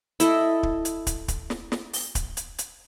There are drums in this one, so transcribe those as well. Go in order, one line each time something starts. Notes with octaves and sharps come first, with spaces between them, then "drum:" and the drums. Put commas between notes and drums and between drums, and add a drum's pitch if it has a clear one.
E4 A4 D#5, drum: hi-hat
drum: kick
drum: hi-hat
drum: kick, hi-hat
drum: kick, hi-hat
drum: snare
drum: snare
drum: open hi-hat
drum: kick, hi-hat
drum: hi-hat
drum: hi-hat